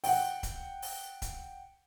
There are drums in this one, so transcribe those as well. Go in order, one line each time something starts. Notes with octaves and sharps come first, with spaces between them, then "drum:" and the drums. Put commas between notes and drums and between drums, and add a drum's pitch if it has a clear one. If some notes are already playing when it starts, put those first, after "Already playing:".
F#5 G5, drum: open hi-hat
drum: kick C#1, hi-hat
drum: open hi-hat
drum: kick C#1, hi-hat